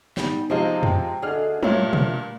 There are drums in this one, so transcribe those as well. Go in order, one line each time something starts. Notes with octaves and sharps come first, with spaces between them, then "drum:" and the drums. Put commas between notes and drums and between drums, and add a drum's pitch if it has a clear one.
G#2 G3 B3 D#4 G4, drum: snare
C3 F3 G#3 C5 D#5 F5
G5, drum: tom F2
D2 D3 D4 G#4 A4 D#5 F6
G2 A#2 A3 G4 C#5 E5, drum: tom
drum: tom B2